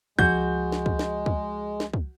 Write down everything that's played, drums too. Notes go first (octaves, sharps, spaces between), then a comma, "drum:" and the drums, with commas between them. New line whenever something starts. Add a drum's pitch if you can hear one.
C#2 F3 G#3 F#4 G6, drum: kick
drum: snare
drum: kick
drum: snare
drum: kick
drum: snare
drum: kick